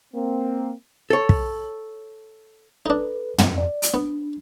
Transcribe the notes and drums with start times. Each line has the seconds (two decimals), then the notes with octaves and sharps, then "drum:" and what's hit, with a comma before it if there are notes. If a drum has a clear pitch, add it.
0.14 A#3 C4
1.10 A4 C#5
1.29 drum: kick
2.86 D4 D#4 A4 B4
3.38 drum: tom
3.58 D5
3.82 drum: hi-hat
3.94 B3 D4